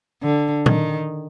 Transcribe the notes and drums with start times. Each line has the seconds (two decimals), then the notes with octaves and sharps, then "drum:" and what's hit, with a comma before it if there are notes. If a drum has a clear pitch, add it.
0.23 D3
0.66 D#3, drum: tom A#2